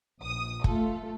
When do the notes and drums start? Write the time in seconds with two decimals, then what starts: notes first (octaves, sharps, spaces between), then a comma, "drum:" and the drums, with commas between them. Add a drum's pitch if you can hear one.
0.20 A#1 D#6
0.64 A3 F4 A4, drum: kick